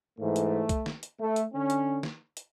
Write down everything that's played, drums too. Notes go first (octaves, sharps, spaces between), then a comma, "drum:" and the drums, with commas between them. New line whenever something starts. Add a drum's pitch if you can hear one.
G#2 E3 A3
drum: hi-hat
drum: kick B1, hi-hat
drum: snare
drum: hi-hat
A3
drum: hi-hat
D3 C#4
drum: hi-hat
drum: snare
drum: hi-hat